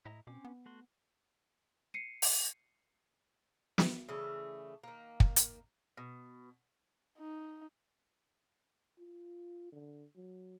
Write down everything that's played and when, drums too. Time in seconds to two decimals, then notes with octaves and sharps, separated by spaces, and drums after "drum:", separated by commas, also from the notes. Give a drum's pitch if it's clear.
0.05 A2 E4 D#5 A#5
0.27 B2 C4 C#4 D6
0.45 B3
0.66 A3 F#4 C6
1.94 C7 C#7 D#7
2.22 drum: open hi-hat
3.78 drum: snare
4.09 C#3 E3 A3 D5
4.84 D#3 A#3
5.20 drum: kick
5.36 drum: hi-hat
5.97 B2
7.18 D#4
8.99 F4
9.72 D3
10.16 F#3